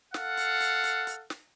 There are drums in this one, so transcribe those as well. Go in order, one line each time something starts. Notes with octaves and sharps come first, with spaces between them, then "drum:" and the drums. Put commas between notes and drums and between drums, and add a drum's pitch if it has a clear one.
A4 F5 F#5, drum: snare
drum: hi-hat
drum: hi-hat
drum: hi-hat
drum: hi-hat
drum: snare